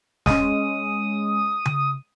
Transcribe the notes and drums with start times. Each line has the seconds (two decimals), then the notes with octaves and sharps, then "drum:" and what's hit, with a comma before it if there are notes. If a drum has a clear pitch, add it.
0.26 G#3 C#4 D#6, drum: snare
1.65 drum: tom C#3